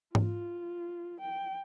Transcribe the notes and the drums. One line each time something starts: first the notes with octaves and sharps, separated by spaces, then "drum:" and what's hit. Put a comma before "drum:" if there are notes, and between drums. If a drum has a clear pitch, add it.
F4, drum: tom G#2
G5